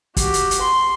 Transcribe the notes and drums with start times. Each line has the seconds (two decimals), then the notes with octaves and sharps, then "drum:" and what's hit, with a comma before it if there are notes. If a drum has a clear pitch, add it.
0.17 F#4 G4, drum: kick, hi-hat
0.34 drum: hi-hat
0.51 drum: hi-hat
0.61 C6